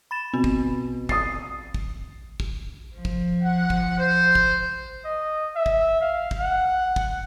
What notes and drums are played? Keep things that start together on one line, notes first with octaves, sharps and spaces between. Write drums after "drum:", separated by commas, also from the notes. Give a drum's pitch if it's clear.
B5 A6 E7
B2 C4
drum: kick
D#6 A6 C7, drum: kick
drum: kick
drum: kick
F3
drum: kick
F#5
drum: kick
C5
drum: kick
D#5
E5
drum: kick
F5
drum: kick
F#5
drum: kick